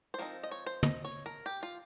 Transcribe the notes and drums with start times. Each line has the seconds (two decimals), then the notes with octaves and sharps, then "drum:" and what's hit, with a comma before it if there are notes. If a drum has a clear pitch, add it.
0.14 C5
0.18 F3 C4 D#4 A#4
0.43 D#5
0.51 C#5
0.66 C5
0.83 D#5, drum: tom
1.04 C#5
1.26 A#4
1.46 G4
1.63 F4